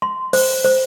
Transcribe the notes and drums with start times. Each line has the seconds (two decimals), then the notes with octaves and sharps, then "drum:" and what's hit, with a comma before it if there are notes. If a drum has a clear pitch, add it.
0.02 C6
0.33 C5, drum: open hi-hat
0.65 C5